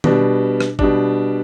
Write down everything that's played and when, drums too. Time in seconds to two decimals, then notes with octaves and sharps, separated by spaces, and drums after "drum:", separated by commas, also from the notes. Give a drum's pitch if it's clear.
0.04 B2 G3 D4, drum: tom
0.60 drum: rim click
0.79 B2 G3 D4, drum: kick G#1